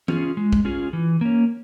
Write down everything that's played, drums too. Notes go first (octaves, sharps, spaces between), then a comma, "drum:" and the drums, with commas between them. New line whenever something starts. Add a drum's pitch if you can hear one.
C#4 F4 G#4, drum: tom
G#3
drum: kick
C#4 F4 G#4
E3
A#3 C#4